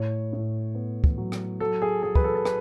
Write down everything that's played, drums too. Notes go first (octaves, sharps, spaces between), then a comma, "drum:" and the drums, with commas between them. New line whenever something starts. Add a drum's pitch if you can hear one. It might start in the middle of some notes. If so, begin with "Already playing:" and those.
Already playing: A2 C#5
A2
B3
drum: kick
F#3
drum: rim click
F#3 A4
G#4
F#3 G#4
B4, drum: kick
A4
A4
B4, drum: rim click